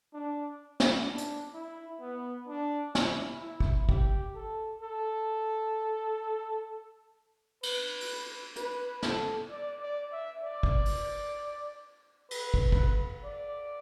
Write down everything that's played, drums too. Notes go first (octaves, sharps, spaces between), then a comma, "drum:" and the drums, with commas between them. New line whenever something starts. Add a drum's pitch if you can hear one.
D4
drum: snare
D4
drum: hi-hat
E4
B3
D4
E4, drum: snare
E4
drum: kick
G4, drum: kick
A4
A4
B4, drum: cymbal
drum: open hi-hat
B4, drum: hi-hat
A4, drum: snare
D5
D5
E5
D5
drum: kick
drum: open hi-hat
B4, drum: cymbal
drum: kick
drum: kick
D5